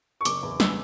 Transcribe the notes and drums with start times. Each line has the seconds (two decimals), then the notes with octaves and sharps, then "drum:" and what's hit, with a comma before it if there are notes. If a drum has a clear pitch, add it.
0.21 C#6
0.25 F#1 D6, drum: hi-hat
0.43 E2
0.60 E6, drum: snare